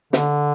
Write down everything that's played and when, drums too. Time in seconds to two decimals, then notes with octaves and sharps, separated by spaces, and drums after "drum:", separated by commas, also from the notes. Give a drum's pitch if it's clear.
0.13 D3, drum: snare